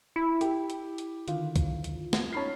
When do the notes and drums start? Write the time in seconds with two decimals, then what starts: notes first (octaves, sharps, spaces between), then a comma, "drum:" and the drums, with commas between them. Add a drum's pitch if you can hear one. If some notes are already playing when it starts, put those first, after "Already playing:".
0.16 E4
0.41 G4, drum: hi-hat
0.70 drum: hi-hat
0.98 drum: hi-hat
1.28 D3 D#3 F4, drum: hi-hat
1.56 drum: kick, hi-hat
1.84 drum: hi-hat
2.13 drum: snare
2.33 C#4 D#4 A5 B5 F6 C7